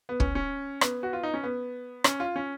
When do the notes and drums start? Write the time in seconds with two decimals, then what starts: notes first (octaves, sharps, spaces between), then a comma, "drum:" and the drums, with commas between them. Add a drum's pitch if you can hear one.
0.09 B3
0.20 C#4, drum: kick
0.35 C#4
0.81 B3, drum: rim click
1.03 F#4
1.13 F4
1.23 D#4
1.34 C#4
1.43 B3
2.04 C#4, drum: rim click
2.20 F4
2.36 C#4